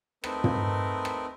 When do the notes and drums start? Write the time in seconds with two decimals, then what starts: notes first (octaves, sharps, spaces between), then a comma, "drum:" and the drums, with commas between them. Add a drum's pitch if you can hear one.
0.24 A3 C4 D#4 A#4 B4, drum: rim click
0.44 drum: tom
1.05 drum: rim click